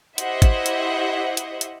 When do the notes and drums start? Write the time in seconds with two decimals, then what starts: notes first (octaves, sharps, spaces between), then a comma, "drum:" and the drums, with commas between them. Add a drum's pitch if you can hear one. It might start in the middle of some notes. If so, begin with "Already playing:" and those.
0.18 E4 G4 C5 D#5 E5 F#5, drum: hi-hat
0.42 drum: kick, hi-hat
0.66 drum: hi-hat
1.37 drum: hi-hat
1.61 drum: hi-hat